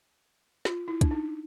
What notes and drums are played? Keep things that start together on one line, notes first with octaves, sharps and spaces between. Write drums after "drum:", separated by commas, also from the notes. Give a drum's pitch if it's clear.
F4, drum: snare
E4
D4, drum: kick, hi-hat
D#4